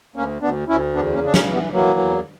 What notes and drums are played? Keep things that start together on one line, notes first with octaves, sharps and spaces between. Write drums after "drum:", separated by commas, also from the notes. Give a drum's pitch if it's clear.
D2 A#3 C#4
D2 B3 D4
D2 C#4 E4
E2 B3 D4
A#3 C#4
C#3
D4
A#3 C#4, drum: snare
E3
G3 B3
E3 F#3 A#3
E2